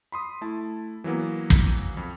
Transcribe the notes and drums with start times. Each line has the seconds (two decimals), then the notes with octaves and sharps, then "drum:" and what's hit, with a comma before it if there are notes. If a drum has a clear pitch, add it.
0.12 B5 C6 D#6
0.41 A3 E4 A5
1.04 E3 F#3 A#3 B3
1.50 drum: kick
1.97 F2